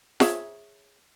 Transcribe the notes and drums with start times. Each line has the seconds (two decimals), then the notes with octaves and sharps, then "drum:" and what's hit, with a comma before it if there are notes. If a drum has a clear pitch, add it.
0.20 G#4 C#5 E5, drum: snare F4